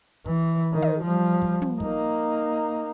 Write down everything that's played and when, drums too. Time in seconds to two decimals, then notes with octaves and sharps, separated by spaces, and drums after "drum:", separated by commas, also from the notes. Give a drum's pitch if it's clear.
0.26 E3, drum: kick
0.73 D#3
0.82 drum: tom
1.02 F3 G3
1.42 drum: kick
1.62 drum: tom
1.80 A#3 D#4, drum: kick